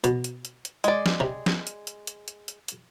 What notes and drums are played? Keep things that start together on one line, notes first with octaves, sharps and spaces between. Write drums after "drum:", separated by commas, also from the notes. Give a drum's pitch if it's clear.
B2, drum: hi-hat
drum: hi-hat
drum: hi-hat
drum: hi-hat
G#3 D5, drum: hi-hat
drum: snare
C3
drum: snare
drum: hi-hat
drum: hi-hat
drum: hi-hat
drum: hi-hat
drum: hi-hat
drum: hi-hat